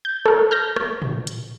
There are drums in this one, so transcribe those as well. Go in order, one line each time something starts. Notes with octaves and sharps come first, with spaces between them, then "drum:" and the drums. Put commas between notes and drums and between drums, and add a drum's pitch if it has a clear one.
G6
A4 A#4, drum: rim click
F6 G6 A#6
drum: rim click
drum: tom A2
drum: hi-hat